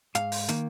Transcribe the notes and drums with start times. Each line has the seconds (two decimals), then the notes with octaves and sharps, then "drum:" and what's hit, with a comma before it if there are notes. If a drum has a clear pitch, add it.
0.15 G#2 F5, drum: hi-hat
0.32 drum: open hi-hat
0.48 D#3 A#3, drum: hi-hat